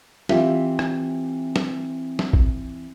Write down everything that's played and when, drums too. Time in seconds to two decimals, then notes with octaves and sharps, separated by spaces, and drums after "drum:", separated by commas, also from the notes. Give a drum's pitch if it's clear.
0.29 E3 C4 F4 G4 E5, drum: snare
0.79 drum: rim click
1.56 drum: snare
2.19 drum: snare
2.33 drum: kick A1